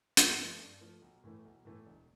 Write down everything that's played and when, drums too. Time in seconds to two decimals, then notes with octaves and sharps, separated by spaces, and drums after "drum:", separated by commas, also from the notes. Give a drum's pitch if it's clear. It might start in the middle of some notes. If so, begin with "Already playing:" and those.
0.17 G2, drum: hi-hat
0.38 F3 A3
0.60 G2
0.81 F3 A3
1.02 B1
1.24 A2 E3 A3
1.45 B1
1.65 A2 E3 A3
1.86 E1